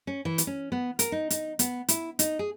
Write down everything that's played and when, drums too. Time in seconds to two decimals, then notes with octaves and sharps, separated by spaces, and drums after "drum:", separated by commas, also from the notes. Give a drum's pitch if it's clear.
0.07 C#4
0.25 E3
0.38 drum: hi-hat
0.47 C#4
0.72 B3
0.99 A#4, drum: hi-hat
1.12 D#4
1.30 D#4, drum: hi-hat
1.59 B3, drum: hi-hat
1.88 E4, drum: hi-hat
2.19 D#4, drum: hi-hat
2.39 G#4